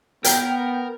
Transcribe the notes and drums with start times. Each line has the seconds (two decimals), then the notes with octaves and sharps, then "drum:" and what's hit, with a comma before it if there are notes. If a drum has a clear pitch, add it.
0.24 B3 A#4 G5 A#5, drum: hi-hat